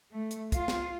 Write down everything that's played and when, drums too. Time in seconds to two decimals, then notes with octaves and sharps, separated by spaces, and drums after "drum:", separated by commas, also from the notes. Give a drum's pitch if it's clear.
0.12 A3
0.31 drum: hi-hat
0.52 F4, drum: kick, hi-hat
0.68 drum: snare